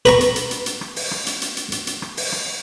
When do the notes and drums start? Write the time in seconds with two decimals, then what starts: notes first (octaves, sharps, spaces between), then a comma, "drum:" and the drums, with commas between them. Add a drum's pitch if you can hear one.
0.05 B4 A#5 C#6, drum: hi-hat
0.21 drum: hi-hat
0.36 drum: hi-hat
0.51 drum: hi-hat
0.66 drum: hi-hat
0.81 drum: rim click
0.96 drum: open hi-hat
1.11 drum: rim click
1.26 drum: hi-hat
1.42 drum: hi-hat
1.57 drum: hi-hat
1.72 drum: hi-hat
1.87 drum: hi-hat
2.02 drum: rim click
2.17 drum: open hi-hat
2.32 drum: rim click